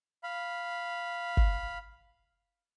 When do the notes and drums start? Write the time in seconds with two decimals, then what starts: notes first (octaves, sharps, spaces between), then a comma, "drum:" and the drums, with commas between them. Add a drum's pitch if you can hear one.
0.23 F5 B5
1.37 drum: kick G1